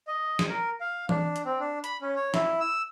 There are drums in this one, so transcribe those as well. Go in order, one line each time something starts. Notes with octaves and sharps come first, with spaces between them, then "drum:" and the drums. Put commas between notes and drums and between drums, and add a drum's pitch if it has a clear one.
D#5
drum: snare
A#4
F5
D4, drum: tom E3
drum: hi-hat
C4
D4
B5, drum: hi-hat
C#4
C#5
E4, drum: snare
E6